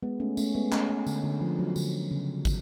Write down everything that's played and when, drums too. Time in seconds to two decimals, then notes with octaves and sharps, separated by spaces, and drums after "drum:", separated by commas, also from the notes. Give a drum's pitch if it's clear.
0.03 G#3 B3
0.20 A3 C#4
0.37 A3 C#4, drum: tambourine
0.55 G#3 B3
0.72 A3 C#4, drum: clap
0.89 A3
1.07 D3, drum: tambourine
1.23 D3
1.41 F3
1.59 F#3
1.76 D3, drum: tambourine
2.11 C#3
2.45 drum: kick, tambourine